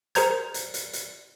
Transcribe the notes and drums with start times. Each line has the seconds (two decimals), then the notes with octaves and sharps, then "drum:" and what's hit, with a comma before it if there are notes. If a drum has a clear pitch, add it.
0.15 G#4 A#4 C5 A#5 G6 G#6, drum: hi-hat
0.54 drum: hi-hat
0.74 drum: hi-hat
0.93 drum: hi-hat